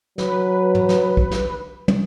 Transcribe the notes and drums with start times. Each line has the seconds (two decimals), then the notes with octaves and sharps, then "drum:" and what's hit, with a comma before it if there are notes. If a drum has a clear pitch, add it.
0.18 F#3 B4, drum: snare
0.75 drum: tom
0.89 drum: snare
1.17 drum: kick
1.31 drum: snare
1.88 drum: tom